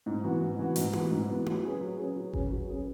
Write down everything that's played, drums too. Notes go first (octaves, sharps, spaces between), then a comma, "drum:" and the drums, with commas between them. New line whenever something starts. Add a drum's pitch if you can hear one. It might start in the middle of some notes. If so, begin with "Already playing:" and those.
G#2
E3 B3 F#4
G#2
E3 B3 F#4
G#2, drum: hi-hat
E3 B3 F#4, drum: tom E4
G#2
E3 B3 F#4
F#3, drum: tom E4
C#4 G#4 B4
F#3
C#4 G#4 B4
F#3
C#4 G#4 B4, drum: kick G1
F#3
C#4 G#4 B4